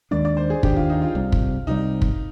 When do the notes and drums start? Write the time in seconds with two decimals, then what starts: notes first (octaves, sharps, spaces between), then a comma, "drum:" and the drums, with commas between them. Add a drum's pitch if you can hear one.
0.11 D#2 D#3 G#3 D4 D5
0.25 D5
0.37 C5
0.50 G#4
0.63 D#2 D#3 G#3 D4 G4, drum: kick
0.76 F4
0.90 D#4
1.02 F4
1.15 C2 C3 G3
1.32 drum: kick
1.67 C2 C3 G3 D#4
2.02 drum: kick